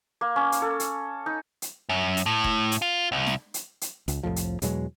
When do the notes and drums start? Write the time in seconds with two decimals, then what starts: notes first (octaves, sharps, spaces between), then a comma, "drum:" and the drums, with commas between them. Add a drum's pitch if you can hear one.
0.21 A#3
0.36 C#4
0.52 drum: hi-hat
0.62 A4
0.80 drum: hi-hat
1.26 D#4
1.62 drum: hi-hat
1.89 F#2
2.17 drum: hi-hat
2.26 A2
2.44 drum: kick F1
2.72 drum: hi-hat
2.82 F4
3.12 C2
3.27 drum: snare
3.54 drum: hi-hat
3.81 drum: hi-hat
4.08 C#2, drum: hi-hat
4.23 C2 F2 A2 F3
4.36 drum: hi-hat
4.62 E2 B2 F#3 G#3, drum: hi-hat